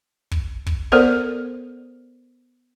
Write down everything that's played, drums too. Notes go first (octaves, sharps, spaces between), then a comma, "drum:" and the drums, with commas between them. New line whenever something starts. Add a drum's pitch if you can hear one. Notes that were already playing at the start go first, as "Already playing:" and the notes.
drum: kick
drum: kick
B3 A4 A#4 C5 D5